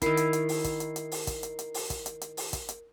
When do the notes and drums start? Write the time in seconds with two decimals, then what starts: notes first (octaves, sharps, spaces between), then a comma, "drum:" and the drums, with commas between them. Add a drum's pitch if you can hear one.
0.02 D#3 E4 A#4 C7, drum: kick, hi-hat
0.17 drum: hi-hat
0.33 drum: hi-hat
0.49 drum: open hi-hat
0.64 drum: kick, hi-hat
0.80 drum: hi-hat
0.96 drum: hi-hat
1.12 drum: open hi-hat
1.27 drum: kick, hi-hat
1.43 drum: hi-hat
1.59 drum: hi-hat
1.74 drum: open hi-hat
1.90 drum: kick, hi-hat
2.06 drum: hi-hat
2.21 drum: hi-hat
2.37 drum: open hi-hat
2.53 drum: kick, hi-hat
2.69 drum: hi-hat